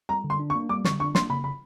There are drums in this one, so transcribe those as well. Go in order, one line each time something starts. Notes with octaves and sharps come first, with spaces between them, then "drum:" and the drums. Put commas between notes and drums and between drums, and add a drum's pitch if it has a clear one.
G3 A#5
D3
C6
D4
C#6
A#3
G3 D6
D3 C#6, drum: snare
D4 C#6
A#3 C6, drum: snare
C#3 B5
B5